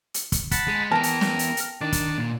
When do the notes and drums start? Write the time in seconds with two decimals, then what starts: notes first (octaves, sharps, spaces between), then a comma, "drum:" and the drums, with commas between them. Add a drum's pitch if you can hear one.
0.14 drum: hi-hat
0.32 drum: kick, hi-hat
0.51 F#5 A5 B5, drum: kick, hi-hat
0.68 G#3
0.92 E3 B3 A#4 G5 A5
1.03 drum: hi-hat
1.21 drum: snare
1.39 drum: hi-hat
1.57 drum: hi-hat
1.81 D#3 D4 A#4
1.92 drum: kick, hi-hat
2.17 A#2